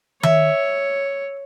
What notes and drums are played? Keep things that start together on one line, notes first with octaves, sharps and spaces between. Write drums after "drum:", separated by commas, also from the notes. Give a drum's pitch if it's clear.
C#5 E5, drum: tom D#3